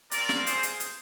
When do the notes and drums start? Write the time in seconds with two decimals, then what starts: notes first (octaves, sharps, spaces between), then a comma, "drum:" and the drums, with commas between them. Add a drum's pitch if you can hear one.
0.11 C4 F4 A#4 D5, drum: hi-hat
0.29 drum: snare
0.47 G#4 C5, drum: hi-hat
0.63 drum: hi-hat
0.80 drum: hi-hat